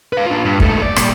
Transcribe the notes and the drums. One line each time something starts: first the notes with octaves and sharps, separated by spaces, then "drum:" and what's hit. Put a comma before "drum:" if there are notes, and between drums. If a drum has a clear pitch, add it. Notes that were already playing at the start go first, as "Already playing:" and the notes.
B4 F5
D4 F4
G2
G#2 A3, drum: kick
D5
A#2 G3, drum: rim click